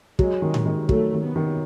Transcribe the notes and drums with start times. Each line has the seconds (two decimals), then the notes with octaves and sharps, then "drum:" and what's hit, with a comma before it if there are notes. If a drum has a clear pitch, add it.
0.19 F#3 G#3, drum: kick
0.42 D#3
0.54 drum: tom A2
0.66 D#3
0.89 F#3 A3, drum: kick
1.13 D#3
1.24 B3
1.36 D#3